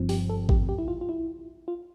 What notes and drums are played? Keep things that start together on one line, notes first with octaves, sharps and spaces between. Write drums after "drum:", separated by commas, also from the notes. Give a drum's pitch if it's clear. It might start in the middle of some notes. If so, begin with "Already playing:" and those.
Already playing: G1 G2 F3 C4
G4, drum: open hi-hat
A4
G4, drum: kick G#1
G4
E4
F4
F4
E4
F4